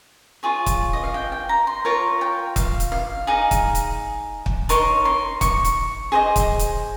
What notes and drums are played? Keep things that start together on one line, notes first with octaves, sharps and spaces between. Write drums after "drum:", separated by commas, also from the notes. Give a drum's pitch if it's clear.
F4 G#4 C#5
drum: kick, hi-hat
D#5
F5
G5
G5
A#5
C6
F4 A#4 C#5 A#5
G5
F5, drum: kick, hi-hat
drum: hi-hat
F5
D#4 G#4 D#5
drum: kick, hi-hat
drum: hi-hat
drum: kick
D#4 A#4 C#5 C6, drum: hi-hat
C6
C#6, drum: kick, hi-hat
drum: hi-hat
G#4 C5 D#5
drum: kick, hi-hat
drum: hi-hat